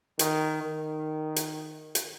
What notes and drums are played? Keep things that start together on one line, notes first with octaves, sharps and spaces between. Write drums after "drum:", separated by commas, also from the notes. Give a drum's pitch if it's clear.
D#3, drum: hi-hat
D#3
drum: hi-hat
drum: hi-hat